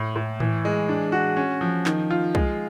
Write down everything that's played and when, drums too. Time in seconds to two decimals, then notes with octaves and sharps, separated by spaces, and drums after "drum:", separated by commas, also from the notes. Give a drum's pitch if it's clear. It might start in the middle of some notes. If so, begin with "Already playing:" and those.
Already playing: A2
0.16 A2
0.40 E3, drum: tom A2
0.65 G#3
0.89 D4
1.12 F#4
1.37 C#4
1.61 F3
1.86 D#3, drum: clap
2.10 F4
2.35 G#3, drum: kick